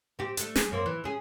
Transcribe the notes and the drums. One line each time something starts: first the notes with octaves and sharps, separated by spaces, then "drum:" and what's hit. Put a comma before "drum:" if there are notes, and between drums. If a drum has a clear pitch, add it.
C4 G4
A3 D4, drum: hi-hat
G#4, drum: snare
F#2 A#3 C4
E3
C#4 G#4